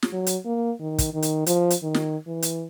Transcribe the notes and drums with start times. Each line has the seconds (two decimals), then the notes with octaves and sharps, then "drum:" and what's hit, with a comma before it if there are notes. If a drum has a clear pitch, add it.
0.02 drum: snare
0.13 F#3
0.26 drum: hi-hat
0.45 A#3
0.80 D#3
0.98 drum: kick, hi-hat
1.13 D#3
1.22 drum: hi-hat
1.46 F3, drum: hi-hat
1.70 drum: hi-hat
1.83 D#3
1.94 drum: snare
2.27 E3
2.42 drum: hi-hat